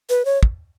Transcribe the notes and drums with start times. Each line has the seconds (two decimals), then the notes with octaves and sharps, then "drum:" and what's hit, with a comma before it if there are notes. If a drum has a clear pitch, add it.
0.10 B4
0.25 C#5
0.43 drum: kick